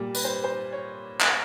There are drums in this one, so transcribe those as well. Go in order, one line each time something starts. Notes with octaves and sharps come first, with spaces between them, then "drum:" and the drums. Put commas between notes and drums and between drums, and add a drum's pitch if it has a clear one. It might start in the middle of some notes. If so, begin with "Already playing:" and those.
Already playing: A#2 G3
B4, drum: tambourine
C5
B4
C5
C#5
drum: clap